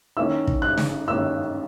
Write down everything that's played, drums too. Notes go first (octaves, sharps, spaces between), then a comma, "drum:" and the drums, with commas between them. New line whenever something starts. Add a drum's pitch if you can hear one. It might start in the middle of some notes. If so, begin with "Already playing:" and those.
D#3 A#3 C#4 E4 E6
drum: kick
F#6
drum: snare
D#3 A#3 C#4 E4 E6